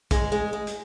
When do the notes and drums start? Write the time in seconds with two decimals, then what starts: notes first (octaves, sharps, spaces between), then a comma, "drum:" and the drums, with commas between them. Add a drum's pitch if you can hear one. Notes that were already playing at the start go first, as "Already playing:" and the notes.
0.11 G#3, drum: kick, hi-hat
0.32 G#3
0.53 G#3
0.67 drum: hi-hat